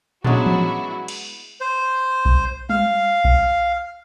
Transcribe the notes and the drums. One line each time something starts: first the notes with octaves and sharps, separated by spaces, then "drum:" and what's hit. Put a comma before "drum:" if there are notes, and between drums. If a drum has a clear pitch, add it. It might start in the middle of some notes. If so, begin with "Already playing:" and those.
F#3 G#3 B3 C#4 D4 E4 F#4, drum: tom
drum: tom E3
drum: cymbal
C5
drum: kick B1
F5, drum: tom G3
drum: kick B1